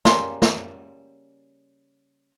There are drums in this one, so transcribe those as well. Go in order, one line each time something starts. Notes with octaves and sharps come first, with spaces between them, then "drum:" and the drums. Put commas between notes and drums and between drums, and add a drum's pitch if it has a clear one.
C#3 G3 A#3 C6, drum: snare
drum: snare